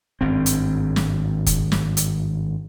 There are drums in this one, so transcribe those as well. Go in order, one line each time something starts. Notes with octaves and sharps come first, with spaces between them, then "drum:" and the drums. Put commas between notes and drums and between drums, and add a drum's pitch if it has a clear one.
G#1 G2 C4
drum: hi-hat
drum: snare
drum: kick, hi-hat
drum: snare
drum: hi-hat